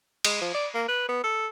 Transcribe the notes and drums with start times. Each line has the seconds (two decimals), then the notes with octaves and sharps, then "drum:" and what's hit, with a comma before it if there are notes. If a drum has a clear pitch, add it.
0.25 G#3, drum: cymbal
0.41 F3
0.54 D5
0.74 A#3
0.88 B4
1.09 B3
1.24 A4